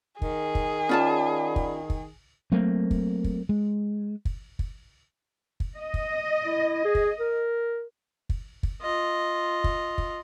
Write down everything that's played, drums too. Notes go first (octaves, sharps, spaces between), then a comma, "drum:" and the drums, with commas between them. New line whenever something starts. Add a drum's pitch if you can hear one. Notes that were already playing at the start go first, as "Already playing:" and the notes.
D#3 G#4, drum: kick
drum: kick
C#4 F4 D5 F#5 A5 B5
drum: kick
drum: kick
F#3 A3 A#3 C4
drum: kick
drum: kick
G#3
drum: kick
drum: kick
drum: kick
D#5
drum: kick
E4
G#4
drum: kick
A#4
drum: kick
drum: kick
F4 D#5
drum: kick
drum: kick